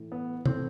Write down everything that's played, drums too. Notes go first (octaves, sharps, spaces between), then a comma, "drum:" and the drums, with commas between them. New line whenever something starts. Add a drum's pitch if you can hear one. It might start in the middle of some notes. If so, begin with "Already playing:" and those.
Already playing: A2 E3
B3
A2 E3 C4, drum: tom